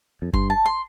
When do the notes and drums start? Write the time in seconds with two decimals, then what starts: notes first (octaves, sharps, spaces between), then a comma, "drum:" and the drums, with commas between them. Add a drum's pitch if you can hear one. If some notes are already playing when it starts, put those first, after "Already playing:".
0.22 F2
0.33 G2 C6, drum: kick G1
0.50 A5
0.66 C6